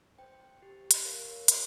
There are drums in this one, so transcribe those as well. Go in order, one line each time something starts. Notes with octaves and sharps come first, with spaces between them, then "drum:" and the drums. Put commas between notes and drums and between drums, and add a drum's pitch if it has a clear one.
C5 G5
G4
drum: hi-hat
A#4 C#5 F5
G4, drum: hi-hat